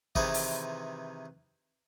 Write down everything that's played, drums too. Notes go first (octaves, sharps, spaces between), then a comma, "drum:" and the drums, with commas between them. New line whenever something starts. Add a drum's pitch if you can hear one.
C3 D#3 E3 G#4 B4 C5, drum: kick
drum: open hi-hat